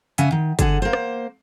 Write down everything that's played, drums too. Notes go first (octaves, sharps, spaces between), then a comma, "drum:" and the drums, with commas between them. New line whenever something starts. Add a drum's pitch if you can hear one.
C#3 E5 F#5 G#5, drum: hi-hat
D#3
D3 G#4 F#5, drum: kick, hi-hat
A#3 C5
drum: rim click